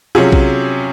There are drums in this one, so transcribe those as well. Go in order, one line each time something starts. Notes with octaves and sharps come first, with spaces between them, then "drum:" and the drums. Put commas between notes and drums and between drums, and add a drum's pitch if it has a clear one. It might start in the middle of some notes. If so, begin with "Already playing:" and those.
C3 F#3 C#4 F4 G#4
drum: kick A#1